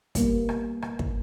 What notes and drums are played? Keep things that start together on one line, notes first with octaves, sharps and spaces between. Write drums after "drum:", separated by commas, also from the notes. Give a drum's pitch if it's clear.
G3 A#3 B3, drum: kick, hi-hat
drum: rim click
drum: rim click
drum: kick